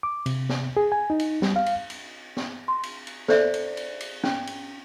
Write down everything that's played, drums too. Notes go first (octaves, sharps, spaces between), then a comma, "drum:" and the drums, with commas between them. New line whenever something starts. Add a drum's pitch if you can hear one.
D6
C3, drum: cymbal
drum: snare
G#4
G#5
D#4
drum: cymbal
G3, drum: snare
F5
drum: cymbal
drum: cymbal
drum: snare
C6
drum: cymbal
drum: cymbal
A4 C5 D5 E5, drum: snare
drum: cymbal
drum: cymbal
drum: cymbal
C#4, drum: snare
drum: cymbal